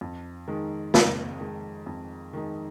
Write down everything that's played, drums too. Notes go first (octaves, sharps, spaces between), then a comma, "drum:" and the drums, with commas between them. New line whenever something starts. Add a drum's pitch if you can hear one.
F2
D#3 G#3 D#4
F2, drum: snare
D#3 G#3 D#4
F2
D#3 G#3 D#4